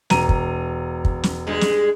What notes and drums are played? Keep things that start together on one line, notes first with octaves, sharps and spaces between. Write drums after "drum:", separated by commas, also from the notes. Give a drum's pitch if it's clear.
E1 A#5 D#7, drum: snare
drum: kick
drum: kick
drum: snare
G2 G#3
drum: snare